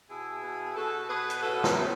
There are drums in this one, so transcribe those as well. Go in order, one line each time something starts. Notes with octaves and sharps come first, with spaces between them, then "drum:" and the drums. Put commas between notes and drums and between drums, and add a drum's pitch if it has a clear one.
B2 E4 G#4
B2
B2 F#4 A4
B2 G#4 B4
drum: hi-hat
A2 F#4 A4
C#4 E4, drum: snare
A2